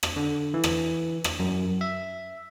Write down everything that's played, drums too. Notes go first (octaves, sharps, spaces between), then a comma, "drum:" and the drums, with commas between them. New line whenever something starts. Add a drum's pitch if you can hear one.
drum: rim click
D3
E3
drum: rim click
drum: rim click
F#2
E5